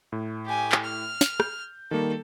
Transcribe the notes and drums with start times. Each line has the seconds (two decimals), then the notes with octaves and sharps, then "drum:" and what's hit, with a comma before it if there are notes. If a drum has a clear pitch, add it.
0.12 A2
0.46 G4 G#5
0.72 drum: clap
0.84 F6
1.21 drum: snare
1.40 G6, drum: rim click
1.91 D#3 G3 A#3 A4